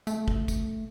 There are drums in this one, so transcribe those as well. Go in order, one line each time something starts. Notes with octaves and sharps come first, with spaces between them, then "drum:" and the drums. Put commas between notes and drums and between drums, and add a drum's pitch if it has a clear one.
A3, drum: tambourine
drum: kick
drum: kick, tambourine